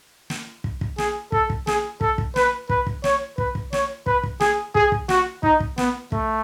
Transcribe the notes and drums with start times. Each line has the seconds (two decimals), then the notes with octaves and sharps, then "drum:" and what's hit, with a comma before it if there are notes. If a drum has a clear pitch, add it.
0.30 drum: snare
0.64 drum: kick
0.81 drum: kick
0.98 G#4, drum: snare
1.32 A4, drum: kick
1.50 drum: kick
1.67 G#4, drum: snare
2.01 A4, drum: kick
2.18 drum: kick
2.36 B4, drum: snare
2.69 B4, drum: kick
2.87 drum: kick
3.04 C#5, drum: snare
3.38 B4, drum: kick
3.55 drum: kick
3.73 C#5, drum: snare
4.06 B4, drum: kick
4.23 drum: kick
4.40 G#4, drum: snare
4.75 G#4, drum: kick
4.92 drum: kick
5.09 F#4, drum: snare
5.43 D#4, drum: kick
5.60 drum: kick
5.78 B3, drum: snare
6.12 A3, drum: kick